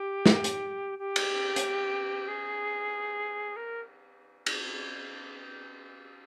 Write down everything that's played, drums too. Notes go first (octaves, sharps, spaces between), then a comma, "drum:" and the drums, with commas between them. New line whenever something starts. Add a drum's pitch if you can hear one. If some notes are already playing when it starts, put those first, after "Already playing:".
Already playing: G4
drum: snare
drum: hi-hat
G4
drum: cymbal
drum: hi-hat
G#4
A#4
drum: cymbal